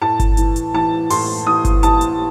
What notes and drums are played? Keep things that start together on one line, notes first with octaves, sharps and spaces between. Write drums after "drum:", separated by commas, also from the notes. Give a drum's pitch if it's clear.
A2 A5
drum: kick G1, hi-hat
E3, drum: hi-hat
drum: hi-hat
E3 A5
A2 C6, drum: open hi-hat
E3 D#6
drum: kick G1, hi-hat
E3 A5, drum: hi-hat
drum: hi-hat